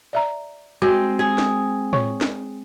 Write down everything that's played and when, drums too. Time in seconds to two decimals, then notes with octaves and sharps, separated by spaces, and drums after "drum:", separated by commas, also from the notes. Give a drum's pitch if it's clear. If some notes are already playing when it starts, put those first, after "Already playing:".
0.13 D5 E5 A#5
0.82 G#3 C4 F#4
1.19 G#4
1.38 drum: snare
1.93 C#5 C#6, drum: tom A2
2.21 drum: snare